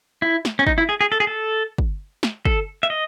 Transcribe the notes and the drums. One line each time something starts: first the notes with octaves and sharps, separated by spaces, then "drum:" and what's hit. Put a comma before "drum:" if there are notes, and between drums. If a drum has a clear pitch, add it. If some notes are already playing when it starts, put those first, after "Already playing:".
E4
drum: snare
C#4
D#4, drum: kick
E4
G#4
G#4
A4
G#4
A4
drum: kick
drum: snare
A4, drum: kick
E5
D#5